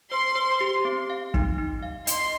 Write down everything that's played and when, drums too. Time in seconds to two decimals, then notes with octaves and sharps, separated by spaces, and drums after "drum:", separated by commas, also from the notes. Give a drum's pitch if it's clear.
0.11 C5 C6
0.35 C5
0.61 G4
0.85 C4
1.10 F5
1.34 D#4, drum: kick
1.58 D#4
1.83 F5
2.07 D#5 C6, drum: hi-hat